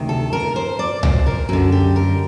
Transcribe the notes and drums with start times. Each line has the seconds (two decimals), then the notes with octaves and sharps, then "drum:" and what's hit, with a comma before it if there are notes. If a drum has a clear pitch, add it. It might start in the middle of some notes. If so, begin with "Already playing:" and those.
Already playing: D2 C3 D#3
0.09 A4
0.33 A#4
0.56 C5
0.79 D5
1.03 C5, drum: tom C2
1.27 A#4
1.49 F#2 D3 F#4
1.72 G4
1.96 A#4